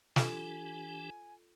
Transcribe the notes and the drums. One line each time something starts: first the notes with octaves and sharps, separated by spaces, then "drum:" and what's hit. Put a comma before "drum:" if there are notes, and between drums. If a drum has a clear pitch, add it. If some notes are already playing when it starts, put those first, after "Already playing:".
E3 D4 F4 G4 A4 G#5, drum: snare